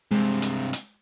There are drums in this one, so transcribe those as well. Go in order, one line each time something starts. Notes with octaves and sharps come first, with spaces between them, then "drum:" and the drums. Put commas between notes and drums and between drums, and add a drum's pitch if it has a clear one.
G2 C3 G#3
drum: hi-hat
drum: hi-hat